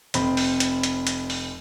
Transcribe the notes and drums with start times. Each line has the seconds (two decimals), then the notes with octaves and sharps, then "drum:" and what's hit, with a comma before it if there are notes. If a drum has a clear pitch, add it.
0.14 F1 C4 B5, drum: hi-hat
0.37 drum: open hi-hat
0.60 drum: hi-hat
0.83 drum: hi-hat
1.07 drum: hi-hat
1.30 drum: open hi-hat